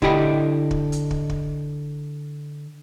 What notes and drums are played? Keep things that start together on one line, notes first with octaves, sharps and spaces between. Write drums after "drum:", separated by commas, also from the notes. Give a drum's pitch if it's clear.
D3 E4 G4 D#5 G5 B5, drum: kick
drum: kick
drum: hi-hat
drum: kick
drum: kick